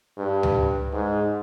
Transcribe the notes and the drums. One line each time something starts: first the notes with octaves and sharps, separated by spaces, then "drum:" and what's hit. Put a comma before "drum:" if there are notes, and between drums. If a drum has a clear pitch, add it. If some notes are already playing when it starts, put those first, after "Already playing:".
G2
drum: tom C#2
G#2